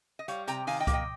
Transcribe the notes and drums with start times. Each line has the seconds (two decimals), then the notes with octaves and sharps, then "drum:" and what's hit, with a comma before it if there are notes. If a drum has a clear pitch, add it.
0.19 D#5
0.28 G3 C#5 F5, drum: hi-hat
0.47 C3 G5 A#5, drum: hi-hat
0.67 D#3 F5 G#5, drum: open hi-hat
0.80 D#5 G5
0.87 A#3, drum: kick C#2, hi-hat
0.93 D#5 G5